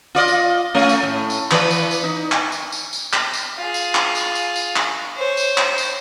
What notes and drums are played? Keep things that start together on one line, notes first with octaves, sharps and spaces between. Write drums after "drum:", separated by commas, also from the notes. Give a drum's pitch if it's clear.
F4 D5 D#5
drum: tambourine
A3 C#4
drum: tambourine
A2
drum: tambourine
E3 B4 D5, drum: clap
drum: tambourine
drum: tambourine
D#4
drum: clap
drum: tambourine
drum: tambourine
drum: tambourine
drum: clap
drum: tambourine
F4 G#4
drum: tambourine
drum: clap
drum: tambourine
drum: tambourine
drum: tambourine
drum: clap
C5 C#5
drum: tambourine
drum: clap
drum: tambourine